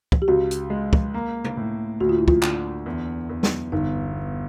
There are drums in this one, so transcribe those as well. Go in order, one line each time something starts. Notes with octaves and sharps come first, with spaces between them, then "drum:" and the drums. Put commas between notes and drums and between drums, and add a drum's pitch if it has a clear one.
drum: kick
G4
C#2 F#4
drum: hi-hat
G#3
drum: kick
A#3
drum: tom C3
A2
D2 F#4
F4
E4
F4, drum: kick
D3, drum: clap
E2
E2
drum: snare
G1 D#4